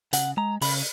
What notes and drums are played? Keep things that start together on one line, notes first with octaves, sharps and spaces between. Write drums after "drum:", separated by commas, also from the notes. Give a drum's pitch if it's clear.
C#3 F#5, drum: hi-hat
G#3 A#5
C#3 B5, drum: open hi-hat